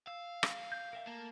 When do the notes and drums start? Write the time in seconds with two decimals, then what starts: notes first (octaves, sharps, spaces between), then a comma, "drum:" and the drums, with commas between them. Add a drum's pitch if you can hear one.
0.07 F5 E6
0.43 drum: rim click
0.72 G6
0.93 A#4 E5 G5
1.07 A3 A#3 A5